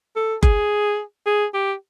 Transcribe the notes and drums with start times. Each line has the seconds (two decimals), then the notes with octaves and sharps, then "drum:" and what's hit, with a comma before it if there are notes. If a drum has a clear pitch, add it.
0.16 A4
0.43 G#4, drum: kick F#1
1.26 G#4
1.54 G4